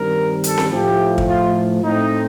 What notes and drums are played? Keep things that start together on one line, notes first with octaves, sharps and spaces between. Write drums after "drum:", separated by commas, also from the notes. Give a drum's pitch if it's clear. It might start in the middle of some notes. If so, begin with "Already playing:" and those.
Already playing: G2 D#3 G3 C4 A#4
A4, drum: hi-hat
drum: snare C4
A2 F3 A3 G4
drum: kick
F4
A2 A3 C4 D#4